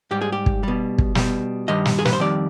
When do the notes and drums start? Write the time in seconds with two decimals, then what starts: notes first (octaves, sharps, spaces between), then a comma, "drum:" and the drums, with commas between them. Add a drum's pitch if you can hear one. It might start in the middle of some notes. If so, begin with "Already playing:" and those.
0.11 G#2 G3 G4
0.22 G#4
0.32 G4
0.46 drum: kick
0.63 B2 G3
0.98 drum: kick
1.15 B2 G3, drum: snare
1.68 G2 D#3 G3 D#5
1.85 drum: snare
1.99 G#4
2.05 B4, drum: snare
2.13 C5
2.20 F2 D#3 G3 D5